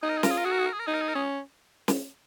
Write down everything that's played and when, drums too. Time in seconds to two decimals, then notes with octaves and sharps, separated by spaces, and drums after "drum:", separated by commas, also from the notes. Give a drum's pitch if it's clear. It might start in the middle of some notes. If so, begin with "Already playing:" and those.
0.02 D#4 G#4
0.09 A#4
0.17 G#4
0.23 F4 A#4, drum: snare
0.31 G#4
0.37 A#4
0.45 F#4 G#4
0.52 A#4
0.59 G#4
0.66 A#4
0.73 G#4
0.79 A#4
0.86 D#4 G#4
0.94 A#4
1.01 G#4
1.08 A#4
1.15 C#4 G#4
1.88 drum: snare